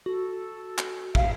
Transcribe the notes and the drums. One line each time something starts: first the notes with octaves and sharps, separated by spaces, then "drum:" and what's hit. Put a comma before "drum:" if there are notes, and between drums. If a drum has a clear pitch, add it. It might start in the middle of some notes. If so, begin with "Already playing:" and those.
F#4 A4
drum: clap
E5 F5, drum: kick